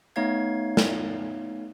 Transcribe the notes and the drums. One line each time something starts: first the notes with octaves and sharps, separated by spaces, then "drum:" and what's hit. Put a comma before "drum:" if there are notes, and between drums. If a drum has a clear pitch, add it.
A3 B3 D#4 C#5 F5 G#6
drum: snare